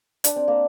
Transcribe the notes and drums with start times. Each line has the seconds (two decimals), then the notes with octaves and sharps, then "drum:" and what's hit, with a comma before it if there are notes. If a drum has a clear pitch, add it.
0.24 D4, drum: hi-hat
0.36 C4
0.48 A#3